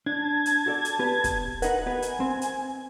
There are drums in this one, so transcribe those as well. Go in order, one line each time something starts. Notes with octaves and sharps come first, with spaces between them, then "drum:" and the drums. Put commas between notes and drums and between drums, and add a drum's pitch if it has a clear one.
D4 A5 G#6
drum: hi-hat
F#4 A4 D5
drum: hi-hat
B3 G4 B4
drum: kick, hi-hat
D#4 A#4 B4 F#5, drum: hi-hat
B3 G4 B4 G#5
drum: hi-hat
C4
drum: hi-hat